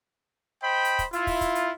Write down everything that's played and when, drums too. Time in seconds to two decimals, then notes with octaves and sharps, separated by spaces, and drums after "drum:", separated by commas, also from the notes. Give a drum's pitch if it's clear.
0.63 C5 D#5 G5 B5
0.85 drum: hi-hat
0.99 drum: kick, hi-hat
1.13 E4 F4, drum: hi-hat
1.27 drum: kick, open hi-hat
1.41 drum: kick, hi-hat
1.55 drum: hi-hat